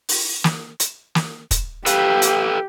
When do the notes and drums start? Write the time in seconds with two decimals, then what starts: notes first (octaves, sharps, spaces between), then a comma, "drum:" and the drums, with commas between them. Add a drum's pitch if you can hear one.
0.09 drum: open hi-hat
0.44 drum: snare
0.80 drum: hi-hat
1.15 drum: snare
1.51 drum: kick, hi-hat
1.86 G4 A4 B4 F5, drum: hi-hat
2.22 drum: hi-hat